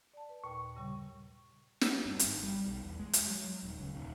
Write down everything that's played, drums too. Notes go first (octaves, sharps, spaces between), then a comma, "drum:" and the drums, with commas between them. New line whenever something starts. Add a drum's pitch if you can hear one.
D5 A5
B4
D#2 A#2 G5 C#6
G2 C#3 G3
drum: snare
G2
G#1, drum: hi-hat
G3
B1
E2
G#3
drum: hi-hat
F#3
D#1
C#2
D#1